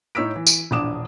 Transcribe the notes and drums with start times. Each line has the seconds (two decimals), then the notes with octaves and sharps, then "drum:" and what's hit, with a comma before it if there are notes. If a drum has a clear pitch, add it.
0.15 A2 D#4 C#5 E6 B6 D7
0.36 E3
0.47 drum: tambourine
0.71 E1 A#1 D4 D6 D#6 E7